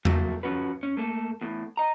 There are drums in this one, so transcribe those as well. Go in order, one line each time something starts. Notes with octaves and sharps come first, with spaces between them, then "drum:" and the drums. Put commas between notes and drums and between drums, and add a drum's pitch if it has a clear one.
F3 F#3 A3 A#3, drum: tom E2
F3 C#4 F#4 B4
C#4
A3 A#3 A4
E2 A2
D#5 A#5